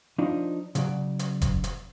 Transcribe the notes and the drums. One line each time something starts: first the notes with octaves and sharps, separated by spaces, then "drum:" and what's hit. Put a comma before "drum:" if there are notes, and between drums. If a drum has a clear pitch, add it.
F3 D4 D#4
C#3 F#3 D5, drum: hi-hat
drum: hi-hat
drum: kick F1, hi-hat
drum: hi-hat